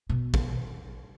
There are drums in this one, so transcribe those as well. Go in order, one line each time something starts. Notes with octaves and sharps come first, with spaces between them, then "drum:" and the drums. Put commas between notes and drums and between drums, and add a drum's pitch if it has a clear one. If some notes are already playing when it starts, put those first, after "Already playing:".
B2
drum: kick